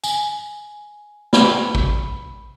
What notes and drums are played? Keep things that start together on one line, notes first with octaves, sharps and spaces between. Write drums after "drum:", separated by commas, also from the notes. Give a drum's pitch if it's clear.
G#5, drum: tambourine
B5, drum: snare
drum: kick